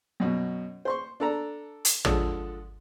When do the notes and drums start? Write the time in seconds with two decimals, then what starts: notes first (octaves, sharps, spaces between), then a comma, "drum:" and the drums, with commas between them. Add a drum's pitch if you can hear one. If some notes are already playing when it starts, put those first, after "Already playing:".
0.20 F#2 B2
0.85 C5 C6 C#6
1.20 D4 A4 A#5
1.85 drum: hi-hat
2.05 D3 F3 G#3 A4 D#6, drum: tom